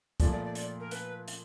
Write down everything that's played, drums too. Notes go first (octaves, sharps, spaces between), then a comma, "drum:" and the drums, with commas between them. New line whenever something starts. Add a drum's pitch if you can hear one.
A#2 F3 A3 D5, drum: kick, hi-hat
D5
D5
D5, drum: hi-hat
A#4
B4, drum: hi-hat
drum: hi-hat